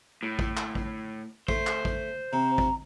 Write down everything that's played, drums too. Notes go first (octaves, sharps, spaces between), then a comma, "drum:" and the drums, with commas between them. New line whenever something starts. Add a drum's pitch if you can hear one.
A2
drum: kick A1
drum: clap
drum: kick A1
A3 C5, drum: kick A1
drum: clap
drum: kick A1
C3 A#5
drum: kick A1